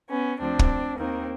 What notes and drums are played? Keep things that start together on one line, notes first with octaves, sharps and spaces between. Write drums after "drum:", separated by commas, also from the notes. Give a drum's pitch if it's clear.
B3 C#4
D2 D3 F3 C4 D4
drum: kick
D#2 D#3 A#3 C4